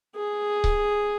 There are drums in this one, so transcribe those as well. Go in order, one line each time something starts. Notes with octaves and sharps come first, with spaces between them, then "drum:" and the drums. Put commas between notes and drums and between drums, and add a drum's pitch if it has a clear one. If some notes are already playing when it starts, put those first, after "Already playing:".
G#4
drum: kick C#1